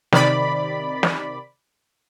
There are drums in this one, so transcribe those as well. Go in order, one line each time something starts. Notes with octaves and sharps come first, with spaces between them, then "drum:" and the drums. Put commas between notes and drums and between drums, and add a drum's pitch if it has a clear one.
C3 D#3 D5 B5, drum: snare
drum: snare